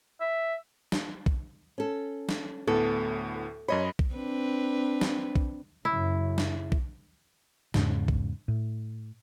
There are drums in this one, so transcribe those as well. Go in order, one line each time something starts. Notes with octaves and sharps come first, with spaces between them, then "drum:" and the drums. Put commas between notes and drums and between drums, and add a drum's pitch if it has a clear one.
E5
drum: snare
drum: kick B1
C#4 A4
drum: snare
D2 A2 B3 A4
F#2 C#5 D#5 B5
drum: kick B1
C4 D4 B4
drum: snare
drum: kick B1
F#2 C#3 E4
drum: snare
drum: kick B1
E2 G#2 C#3, drum: snare
drum: kick B1
A2